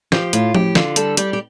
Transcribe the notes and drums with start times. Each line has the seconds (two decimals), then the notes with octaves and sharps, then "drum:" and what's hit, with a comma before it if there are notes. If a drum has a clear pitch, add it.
0.12 F3 G4, drum: snare
0.33 A2 F4, drum: hi-hat
0.55 A2 G4, drum: tom F3
0.75 D3 F4, drum: snare
0.96 G3 A4, drum: hi-hat
1.17 G3 G4, drum: hi-hat
1.33 G4